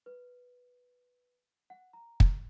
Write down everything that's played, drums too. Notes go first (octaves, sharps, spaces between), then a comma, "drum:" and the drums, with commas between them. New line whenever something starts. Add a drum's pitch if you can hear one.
B4
F#5
A#5
drum: kick